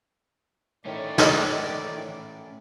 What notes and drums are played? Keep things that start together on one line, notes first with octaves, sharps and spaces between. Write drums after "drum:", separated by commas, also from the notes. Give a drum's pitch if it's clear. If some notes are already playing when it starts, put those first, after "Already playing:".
A2 D#3 A3 C#4 C#5 D5
drum: snare